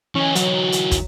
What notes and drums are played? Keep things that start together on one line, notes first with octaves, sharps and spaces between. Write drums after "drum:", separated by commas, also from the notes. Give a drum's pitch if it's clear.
E3 C#4 D#4
F#3, drum: hi-hat
drum: hi-hat
drum: kick, hi-hat